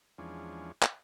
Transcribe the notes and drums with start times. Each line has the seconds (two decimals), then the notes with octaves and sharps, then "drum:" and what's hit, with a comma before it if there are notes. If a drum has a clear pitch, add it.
0.18 E2 F3 G#3 C#4 D4
0.83 drum: clap